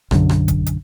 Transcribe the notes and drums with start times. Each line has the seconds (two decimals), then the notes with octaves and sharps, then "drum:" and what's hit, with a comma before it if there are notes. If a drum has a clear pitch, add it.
0.11 B1 F#2 D3, drum: rim click
0.29 drum: rim click
0.48 drum: kick G#1, hi-hat
0.66 drum: hi-hat